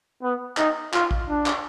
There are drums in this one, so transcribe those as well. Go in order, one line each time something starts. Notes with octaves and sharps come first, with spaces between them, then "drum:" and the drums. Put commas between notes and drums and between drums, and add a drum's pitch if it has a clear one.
B3
D#4, drum: clap
F4, drum: clap
drum: kick
D4
drum: clap